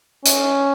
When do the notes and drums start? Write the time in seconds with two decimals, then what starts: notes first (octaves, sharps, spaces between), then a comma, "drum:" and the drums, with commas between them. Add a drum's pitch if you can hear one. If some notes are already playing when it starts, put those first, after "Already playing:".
0.25 C#4, drum: hi-hat